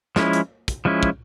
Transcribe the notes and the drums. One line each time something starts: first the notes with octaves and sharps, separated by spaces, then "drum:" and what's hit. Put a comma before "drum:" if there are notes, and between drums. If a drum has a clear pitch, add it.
F3 G#3 C#4 E4, drum: snare
drum: hi-hat
drum: kick, hi-hat
F3 G#3 C#4 E4
drum: kick